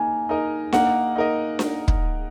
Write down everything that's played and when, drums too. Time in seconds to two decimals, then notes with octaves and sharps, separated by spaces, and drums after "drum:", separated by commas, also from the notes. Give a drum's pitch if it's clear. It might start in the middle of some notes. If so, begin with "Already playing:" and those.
Already playing: A#3 D#4 G#5
0.29 D#4 A#4 D#5
0.73 A#3 F#5, drum: snare D4
1.16 D#4 A#4 D#5
1.59 drum: snare D4
1.88 drum: kick